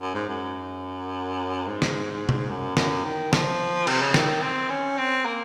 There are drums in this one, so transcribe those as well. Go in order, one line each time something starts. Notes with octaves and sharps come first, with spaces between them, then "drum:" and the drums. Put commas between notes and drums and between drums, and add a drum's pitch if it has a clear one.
F#2
G#2
F#2
G#2
drum: snare
drum: tom B2
F#2
F#2, drum: snare
D#3
F3, drum: snare
C3, drum: cymbal
C#3
D#3, drum: snare
C4
C#4
C4
A#3